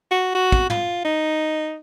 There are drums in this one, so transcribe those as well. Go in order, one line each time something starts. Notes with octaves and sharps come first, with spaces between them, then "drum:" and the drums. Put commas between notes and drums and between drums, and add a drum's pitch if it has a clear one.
F#4
F#4
drum: kick
F4, drum: tom
D#4